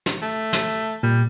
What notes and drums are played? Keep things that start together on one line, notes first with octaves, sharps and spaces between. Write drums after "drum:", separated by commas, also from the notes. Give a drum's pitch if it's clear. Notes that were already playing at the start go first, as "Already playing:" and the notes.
drum: snare
A3
drum: snare
A#2 G3